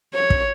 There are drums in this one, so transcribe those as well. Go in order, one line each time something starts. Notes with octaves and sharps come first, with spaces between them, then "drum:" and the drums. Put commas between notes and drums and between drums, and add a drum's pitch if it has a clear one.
C#5
drum: kick